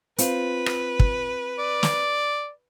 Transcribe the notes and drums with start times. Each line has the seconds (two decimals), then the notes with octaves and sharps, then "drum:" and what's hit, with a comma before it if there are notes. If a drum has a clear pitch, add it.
0.18 C4 F4 B4, drum: hi-hat
0.66 drum: rim click
1.00 drum: kick
1.59 D5
1.83 drum: snare